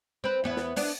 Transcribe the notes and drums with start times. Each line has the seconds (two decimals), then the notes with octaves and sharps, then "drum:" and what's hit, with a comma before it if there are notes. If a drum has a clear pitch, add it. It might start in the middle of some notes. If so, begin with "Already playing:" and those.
0.24 C4 B4
0.44 E2 B3 E4
0.56 drum: snare
0.76 B3 D4, drum: open hi-hat